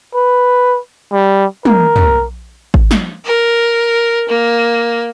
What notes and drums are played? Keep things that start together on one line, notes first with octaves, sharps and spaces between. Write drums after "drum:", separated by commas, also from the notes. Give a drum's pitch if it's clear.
B4
G3
A#4, drum: tom
drum: tom
drum: kick G#1
drum: snare
A#4
A#3